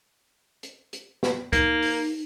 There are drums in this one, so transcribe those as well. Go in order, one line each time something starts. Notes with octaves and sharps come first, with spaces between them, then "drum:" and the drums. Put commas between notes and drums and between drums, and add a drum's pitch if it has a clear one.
drum: hi-hat
drum: hi-hat
drum: snare
A#3 D#4, drum: kick C#2, hi-hat
drum: open hi-hat